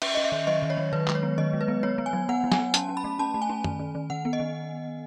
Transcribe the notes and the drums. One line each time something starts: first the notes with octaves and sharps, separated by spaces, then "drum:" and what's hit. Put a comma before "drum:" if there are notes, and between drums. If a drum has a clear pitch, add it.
C#4 E5, drum: cymbal
C#4 D#5
E5
D#3
F#3 D#5
D#3
C#5
F#3
D#3 B4
G#3, drum: clap
C#5
B3
D#3 D#5
G#3
B4
B3
B3 C#5
B3
G#5
F#3
B3 F#5
F#3
G#5, drum: snare
B3
C#4 A5, drum: hi-hat
C#4
B5
A3
C#4 A5
A3
G#5
C#4
D#3, drum: tom
D#3
D#3
D#3 F#5
B3
D#5
D#3